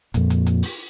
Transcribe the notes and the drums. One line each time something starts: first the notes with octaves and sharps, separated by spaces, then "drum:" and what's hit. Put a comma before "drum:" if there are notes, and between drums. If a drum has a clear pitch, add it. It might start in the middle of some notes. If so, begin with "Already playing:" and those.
F2 A#2, drum: hi-hat
drum: hi-hat
drum: hi-hat
drum: open hi-hat